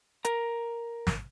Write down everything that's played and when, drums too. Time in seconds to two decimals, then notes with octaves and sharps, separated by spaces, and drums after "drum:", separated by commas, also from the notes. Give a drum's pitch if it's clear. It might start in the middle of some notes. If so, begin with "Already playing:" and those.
0.25 A#4 A#5, drum: hi-hat
1.07 drum: snare